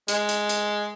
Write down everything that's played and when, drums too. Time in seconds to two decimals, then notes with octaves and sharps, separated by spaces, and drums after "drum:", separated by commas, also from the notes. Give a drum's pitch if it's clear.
0.08 G#3, drum: hi-hat
0.29 drum: hi-hat
0.49 drum: hi-hat